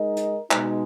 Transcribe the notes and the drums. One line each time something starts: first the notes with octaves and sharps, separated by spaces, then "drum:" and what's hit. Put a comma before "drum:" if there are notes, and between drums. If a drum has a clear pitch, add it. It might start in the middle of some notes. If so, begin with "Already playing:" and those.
Already playing: G#3 D#4 A#4 D#5
drum: hi-hat
B2 G#3 D#4, drum: clap